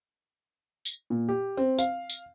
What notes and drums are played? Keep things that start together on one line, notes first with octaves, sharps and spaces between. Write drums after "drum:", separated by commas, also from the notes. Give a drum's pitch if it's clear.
drum: tambourine
A#2
G4
C4
F5, drum: tambourine
drum: tambourine